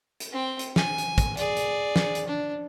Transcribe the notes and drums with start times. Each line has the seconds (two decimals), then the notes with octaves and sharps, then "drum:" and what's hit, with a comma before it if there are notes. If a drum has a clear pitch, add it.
0.20 drum: hi-hat
0.32 C4 G5
0.59 drum: hi-hat
0.76 G#5, drum: snare
0.98 drum: hi-hat
1.18 drum: kick, hi-hat
1.37 G#4 D5, drum: hi-hat
1.57 drum: hi-hat
1.96 drum: snare
2.15 drum: hi-hat
2.28 D4